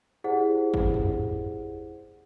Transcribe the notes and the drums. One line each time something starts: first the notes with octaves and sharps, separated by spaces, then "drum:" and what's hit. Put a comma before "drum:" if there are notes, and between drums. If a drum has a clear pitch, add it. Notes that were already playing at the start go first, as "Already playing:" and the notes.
E4 G4 G#4 C5 D5 F#5
drum: kick G1
drum: tom